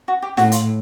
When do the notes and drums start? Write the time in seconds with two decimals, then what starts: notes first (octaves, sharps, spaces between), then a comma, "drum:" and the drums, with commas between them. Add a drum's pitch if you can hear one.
0.08 F#4
0.22 G4
0.37 A2 F#4, drum: snare
0.52 F4, drum: hi-hat